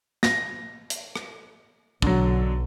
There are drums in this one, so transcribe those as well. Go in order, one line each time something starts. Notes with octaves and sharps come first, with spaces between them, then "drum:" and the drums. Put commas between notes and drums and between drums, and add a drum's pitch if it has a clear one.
A#6, drum: snare
drum: hi-hat
drum: rim click
B1 D3 F#3, drum: kick